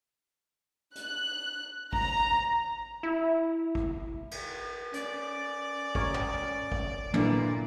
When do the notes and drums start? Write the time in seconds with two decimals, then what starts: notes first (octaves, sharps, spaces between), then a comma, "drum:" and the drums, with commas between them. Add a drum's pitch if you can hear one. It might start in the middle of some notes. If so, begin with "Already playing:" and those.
0.96 F#6, drum: hi-hat
1.93 A#5, drum: kick
3.03 E4
3.75 drum: kick
4.31 drum: cymbal
4.94 C#4 D5, drum: hi-hat
5.95 A#4 C#5 D#5, drum: kick
6.14 drum: tom
6.72 drum: kick
7.14 A#2 D3 E3 D4, drum: tom